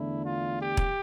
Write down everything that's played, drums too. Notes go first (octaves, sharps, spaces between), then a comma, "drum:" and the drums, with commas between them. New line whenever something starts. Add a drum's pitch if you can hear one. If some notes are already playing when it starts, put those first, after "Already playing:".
Already playing: E2 D3 A3 D4 E4
F4
G4
drum: kick E1